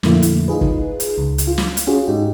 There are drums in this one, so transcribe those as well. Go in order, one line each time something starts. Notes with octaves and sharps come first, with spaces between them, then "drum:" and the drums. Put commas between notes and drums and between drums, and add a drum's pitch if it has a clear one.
F2 A#2 D3 A3 A#3 E4, drum: snare
drum: hi-hat
D#4 F4 G#4 B4
drum: kick
drum: hi-hat
C#2
drum: hi-hat
F4
drum: snare
drum: hi-hat
C#4 F4 F#4 G#4
G#2 D#4 G4